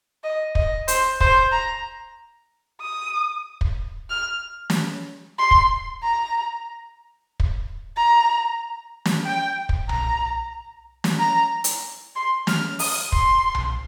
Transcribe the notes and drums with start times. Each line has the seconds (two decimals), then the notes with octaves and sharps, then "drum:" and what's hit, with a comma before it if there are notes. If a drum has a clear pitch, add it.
0.24 D#5
0.55 D#5, drum: kick
0.88 C5, drum: hi-hat
1.20 C5, drum: kick
1.52 A#5
2.81 D#6
3.61 drum: kick
4.10 F6
4.70 drum: snare
5.39 C6
5.51 drum: kick
6.03 A#5
7.40 drum: kick
7.96 A#5
9.05 drum: snare
9.25 G5
9.69 drum: kick
9.89 A#5, drum: tom B1
11.04 drum: snare
11.19 A#5
11.64 drum: hi-hat
12.15 C6
12.47 F6, drum: snare
12.79 D#6, drum: open hi-hat
13.12 C6, drum: kick
13.55 drum: tom B1